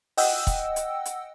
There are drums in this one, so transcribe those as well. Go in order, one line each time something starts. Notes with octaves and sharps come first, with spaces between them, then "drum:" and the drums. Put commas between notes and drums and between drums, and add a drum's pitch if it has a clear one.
D#5 F#5 G5 E6, drum: open hi-hat
drum: kick, hi-hat
drum: hi-hat
drum: hi-hat